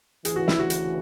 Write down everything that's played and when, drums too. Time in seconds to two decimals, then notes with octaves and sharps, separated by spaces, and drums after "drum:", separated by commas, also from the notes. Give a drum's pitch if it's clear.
0.25 D2 C#3 E3 G#4, drum: hi-hat
0.36 F#4
0.48 E4, drum: snare
0.59 F#4
0.70 drum: hi-hat